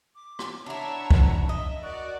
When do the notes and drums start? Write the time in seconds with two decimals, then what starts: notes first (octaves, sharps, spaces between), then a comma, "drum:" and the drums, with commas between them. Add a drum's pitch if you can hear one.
0.13 D6
0.39 drum: rim click
0.66 D4 E4 C#5 E5 F#5 A5 A#5
1.11 drum: kick
1.49 D#5 E5
1.82 F#4 A#4 D5 C#6 F#6